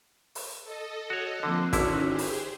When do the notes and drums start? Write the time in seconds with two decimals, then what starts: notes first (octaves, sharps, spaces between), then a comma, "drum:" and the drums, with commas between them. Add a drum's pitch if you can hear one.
0.35 drum: open hi-hat
0.64 A4 D#5
1.10 F#4 C#5
1.43 D3 F3 A#3 C4
1.73 G#1 D3 C#4 D#4 E4 F#4, drum: kick, hi-hat
2.08 G4 G#4 C5
2.18 drum: open hi-hat